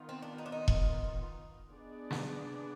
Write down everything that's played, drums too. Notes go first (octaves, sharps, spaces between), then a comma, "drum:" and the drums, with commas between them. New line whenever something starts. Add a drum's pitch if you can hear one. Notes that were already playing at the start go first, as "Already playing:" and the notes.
Already playing: D#3 B3 F4
C4
D4
D#4
D4
D#4
drum: kick E1
B3 D4 G#4 D5
drum: snare